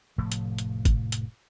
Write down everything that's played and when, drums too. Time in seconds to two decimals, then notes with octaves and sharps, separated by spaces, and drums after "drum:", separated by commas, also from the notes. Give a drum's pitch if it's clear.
0.18 F1 A2 F3 A3
0.32 drum: hi-hat
0.58 drum: hi-hat
0.85 drum: kick G#1, hi-hat
1.12 drum: hi-hat